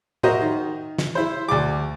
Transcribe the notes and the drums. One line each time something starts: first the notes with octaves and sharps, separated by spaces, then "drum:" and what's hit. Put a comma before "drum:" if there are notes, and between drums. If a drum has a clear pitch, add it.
F#4 A#4 C5 D#5 E5, drum: tom A2
D#3
drum: snare
E4 C5
D2 D5 D6